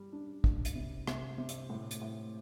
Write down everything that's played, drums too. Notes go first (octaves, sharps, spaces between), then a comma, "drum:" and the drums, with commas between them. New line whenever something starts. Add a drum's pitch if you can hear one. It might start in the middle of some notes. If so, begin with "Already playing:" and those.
Already playing: G3
D4
D4, drum: kick
drum: hi-hat
C3
C3, drum: rim click
C3
drum: hi-hat
A2
drum: hi-hat
A2